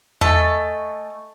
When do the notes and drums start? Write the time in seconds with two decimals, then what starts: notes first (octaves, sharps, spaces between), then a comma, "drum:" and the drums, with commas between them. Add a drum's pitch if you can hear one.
0.21 A3 A4 D#5 E5 G#5, drum: tom E2